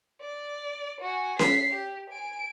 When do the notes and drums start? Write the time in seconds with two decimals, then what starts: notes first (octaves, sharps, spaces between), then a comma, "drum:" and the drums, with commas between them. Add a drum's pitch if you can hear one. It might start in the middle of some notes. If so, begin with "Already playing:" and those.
0.21 D5
1.01 F#4 G#5
1.39 B6 C7, drum: snare C#4
1.71 G4
2.10 G#5 D7